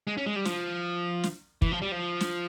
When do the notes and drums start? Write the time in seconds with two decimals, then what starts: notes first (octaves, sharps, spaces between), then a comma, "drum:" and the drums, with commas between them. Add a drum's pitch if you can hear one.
0.07 G#3
0.17 C#4
0.26 G#3
0.36 G3
0.45 F3, drum: snare
1.24 drum: snare
1.62 E3, drum: kick
1.72 F3
1.82 G3
1.92 F3
2.21 drum: snare